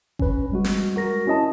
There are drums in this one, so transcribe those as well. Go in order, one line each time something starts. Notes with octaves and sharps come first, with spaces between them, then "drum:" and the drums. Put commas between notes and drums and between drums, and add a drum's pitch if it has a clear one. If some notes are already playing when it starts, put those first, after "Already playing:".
C#4 B4, drum: kick G1
G3 G#3 F#4
drum: snare
F#4 A#4 A#6
C#4 E4 D#5 A5